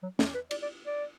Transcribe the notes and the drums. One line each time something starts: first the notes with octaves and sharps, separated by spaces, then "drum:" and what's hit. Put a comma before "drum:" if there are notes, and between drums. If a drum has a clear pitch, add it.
F#3
A3, drum: snare
B4
D5, drum: cymbal
D5
D5